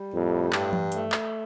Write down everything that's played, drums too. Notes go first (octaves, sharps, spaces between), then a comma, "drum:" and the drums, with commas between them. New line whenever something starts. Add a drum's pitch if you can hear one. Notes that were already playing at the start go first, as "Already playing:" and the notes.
Already playing: G3
F2 A2
G2, drum: clap
drum: tom E3
A3, drum: hi-hat
drum: clap